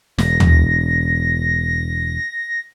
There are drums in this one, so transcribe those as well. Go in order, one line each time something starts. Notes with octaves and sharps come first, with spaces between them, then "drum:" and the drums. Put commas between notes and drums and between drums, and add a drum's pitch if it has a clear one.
E1 A#6, drum: snare
drum: tom